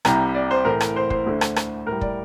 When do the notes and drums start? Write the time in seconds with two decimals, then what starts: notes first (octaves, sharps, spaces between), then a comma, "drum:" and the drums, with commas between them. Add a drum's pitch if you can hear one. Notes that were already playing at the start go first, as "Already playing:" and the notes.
0.05 C2 C3 G3 A#5, drum: rim click
0.34 D5
0.51 C5
0.65 A2 E3 A3 A#4
0.81 drum: rim click
0.96 C5
1.10 C5, drum: kick
1.26 D2 D3 A3
1.41 drum: rim click
1.56 drum: rim click
1.87 A2 G3 A#4
2.01 D5, drum: kick